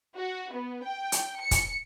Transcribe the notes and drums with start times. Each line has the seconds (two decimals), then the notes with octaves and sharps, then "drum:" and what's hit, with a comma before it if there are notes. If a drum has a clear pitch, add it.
0.18 F#4
0.53 B3
0.85 G5
1.12 drum: hi-hat
1.40 C#7
1.51 drum: kick, hi-hat